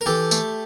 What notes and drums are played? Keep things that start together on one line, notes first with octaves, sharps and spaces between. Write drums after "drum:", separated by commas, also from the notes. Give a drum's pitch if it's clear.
A#4
E3 G4 A4
A3, drum: tambourine